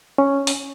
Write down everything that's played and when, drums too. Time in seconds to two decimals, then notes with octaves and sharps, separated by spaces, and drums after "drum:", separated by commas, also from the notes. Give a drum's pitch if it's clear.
0.18 C#4
0.47 drum: open hi-hat